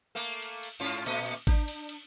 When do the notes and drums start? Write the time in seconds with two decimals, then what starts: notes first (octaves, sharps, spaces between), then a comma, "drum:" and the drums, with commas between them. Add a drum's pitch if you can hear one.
0.15 A3 A#3 A4
0.42 drum: cymbal
0.63 drum: cymbal
0.80 G#2 C#4 F4
1.06 A#2 A3 D#5, drum: cymbal
1.26 drum: cymbal
1.47 D4, drum: kick G#1, cymbal
1.68 drum: cymbal
1.89 drum: cymbal